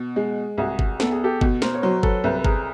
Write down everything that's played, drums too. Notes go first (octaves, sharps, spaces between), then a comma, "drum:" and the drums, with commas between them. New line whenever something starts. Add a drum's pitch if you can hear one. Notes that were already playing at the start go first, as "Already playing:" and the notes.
Already playing: B2
G#3
C2 F#4 G#4
drum: kick G1
B3 A4, drum: snare
G#4
G4 A4
B2, drum: kick G1
A#4 C5, drum: snare
C#5
F#3 A#4 C5
A4 B4, drum: kick G1
C2 A4 B4
B4
G#4 A#4, drum: kick G1